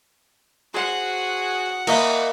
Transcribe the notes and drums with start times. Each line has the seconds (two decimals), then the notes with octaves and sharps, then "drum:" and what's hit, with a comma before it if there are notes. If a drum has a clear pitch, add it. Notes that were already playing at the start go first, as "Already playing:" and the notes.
0.74 F#4 G#4 C5 F#5 C6
1.87 A#3 E4 D#5 A#5, drum: cymbal